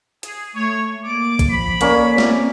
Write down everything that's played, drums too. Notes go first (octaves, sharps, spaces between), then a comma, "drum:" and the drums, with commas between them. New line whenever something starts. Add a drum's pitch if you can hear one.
G#4, drum: hi-hat
A3 C#5
A#3 D5 D6
drum: kick, hi-hat
F3 B5
A#3 C#4 C#5 D5, drum: hi-hat
C4, drum: snare A3